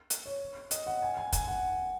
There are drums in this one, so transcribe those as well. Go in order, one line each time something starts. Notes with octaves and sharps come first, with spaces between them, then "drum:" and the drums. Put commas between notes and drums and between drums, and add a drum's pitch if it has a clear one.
drum: hi-hat
C#5
D#5, drum: hi-hat
F#5
G#5
G#5
G#5, drum: kick, hi-hat
F#5